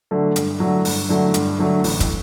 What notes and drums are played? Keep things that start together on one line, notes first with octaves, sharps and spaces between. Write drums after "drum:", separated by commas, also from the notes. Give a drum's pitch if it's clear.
D3 F#3 A3
G2, drum: hi-hat
D3 F#3 A3
G2, drum: open hi-hat
D3 F#3 A3
G2, drum: hi-hat
D3 F#3 A3
A1, drum: open hi-hat
drum: kick, hi-hat